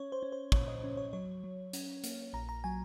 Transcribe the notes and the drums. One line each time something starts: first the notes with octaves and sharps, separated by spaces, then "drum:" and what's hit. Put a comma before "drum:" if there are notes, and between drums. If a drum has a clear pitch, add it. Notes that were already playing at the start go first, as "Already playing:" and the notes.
Already playing: C#4 C#5
C5
C#4
C5
A#2 C#5, drum: kick
D#5
C#4
C#5
F#3 C#5
F#3
C#4, drum: hi-hat
A#3, drum: hi-hat
A#1 A#5
A#5
F#3 G#5